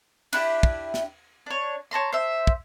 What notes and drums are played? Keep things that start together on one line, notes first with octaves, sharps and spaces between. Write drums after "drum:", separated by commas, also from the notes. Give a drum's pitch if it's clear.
D4 E4 F#4 G4, drum: cymbal
drum: kick
drum: snare
D4 C#5
C#5 A5 A#5 C6
C5 E5
drum: kick